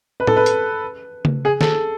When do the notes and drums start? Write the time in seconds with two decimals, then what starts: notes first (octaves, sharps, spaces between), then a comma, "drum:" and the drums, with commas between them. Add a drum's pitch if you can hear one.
0.20 B4
0.27 A4, drum: tom
0.36 B4
0.46 drum: hi-hat
1.25 drum: tom C#3
1.45 G#4
1.61 A4, drum: snare